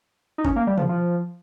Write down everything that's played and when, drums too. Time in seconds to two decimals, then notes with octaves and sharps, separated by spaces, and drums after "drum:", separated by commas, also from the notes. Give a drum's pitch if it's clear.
0.38 D#4
0.45 C#4, drum: kick G#1
0.56 A#3
0.67 G3
0.78 F3, drum: tom B2
0.89 F3